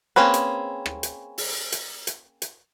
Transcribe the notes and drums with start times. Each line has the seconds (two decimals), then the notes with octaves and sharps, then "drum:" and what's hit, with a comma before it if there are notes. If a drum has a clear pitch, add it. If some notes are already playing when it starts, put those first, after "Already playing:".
0.16 A#3 C4 C#4 G#4 B4
0.34 drum: hi-hat
0.86 drum: rim click
1.03 drum: hi-hat
1.38 drum: open hi-hat
1.72 drum: hi-hat
2.07 drum: hi-hat
2.42 drum: hi-hat